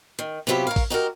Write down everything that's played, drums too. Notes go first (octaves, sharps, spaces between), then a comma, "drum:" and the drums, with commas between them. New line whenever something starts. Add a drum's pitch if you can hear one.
D#3
C3 F#3 B3 F4 G4 B4
A#4 C#5 F5
drum: kick A1, open hi-hat
D#4 F#4 G4 A#4